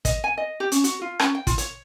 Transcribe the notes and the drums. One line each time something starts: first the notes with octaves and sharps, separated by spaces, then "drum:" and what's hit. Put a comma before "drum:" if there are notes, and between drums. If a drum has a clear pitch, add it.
D#5, drum: kick, hi-hat
G#5
D#5
G4
C#4, drum: hi-hat
F#4, drum: hi-hat
F4
C#4, drum: rim click
G5
F4, drum: kick, hi-hat
C#5, drum: hi-hat